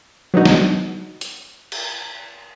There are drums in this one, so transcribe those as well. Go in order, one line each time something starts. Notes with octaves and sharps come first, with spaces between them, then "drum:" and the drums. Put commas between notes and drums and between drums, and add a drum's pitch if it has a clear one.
F#3 B3 D4 D#4 F#4
drum: snare
drum: hi-hat
drum: cymbal